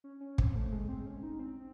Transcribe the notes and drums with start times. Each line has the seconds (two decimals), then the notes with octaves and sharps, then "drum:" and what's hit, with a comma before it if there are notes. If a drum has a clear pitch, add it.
0.04 C#4
0.20 C#4
0.38 C4, drum: kick
0.55 A3
0.72 G#3
0.89 C4
1.06 C#4
1.23 D#4
1.39 C4